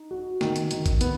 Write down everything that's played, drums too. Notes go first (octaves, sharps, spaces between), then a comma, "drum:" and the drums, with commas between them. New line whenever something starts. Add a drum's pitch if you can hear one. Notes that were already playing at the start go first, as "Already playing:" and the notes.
Already playing: D#4
F#4
D#3, drum: snare
drum: hi-hat
D#3, drum: hi-hat
drum: kick A1, hi-hat
B3, drum: hi-hat